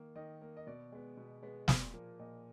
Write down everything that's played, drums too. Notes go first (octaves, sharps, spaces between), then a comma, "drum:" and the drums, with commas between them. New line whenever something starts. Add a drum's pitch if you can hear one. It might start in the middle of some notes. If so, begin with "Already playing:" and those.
Already playing: D#3 A#3
D#3 D#5
A#3
D#5
B2 D5
G#3 B3
B2
G#3 B3
A#2, drum: snare
F3 A#3
A#2 D#5